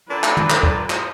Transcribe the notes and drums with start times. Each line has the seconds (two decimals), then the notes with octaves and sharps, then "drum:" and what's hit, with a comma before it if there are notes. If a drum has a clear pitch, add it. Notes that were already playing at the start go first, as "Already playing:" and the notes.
0.10 A#2 D3 D4 A4 B4
0.23 drum: clap
0.37 drum: tom
0.50 drum: clap
0.63 drum: kick
0.90 drum: clap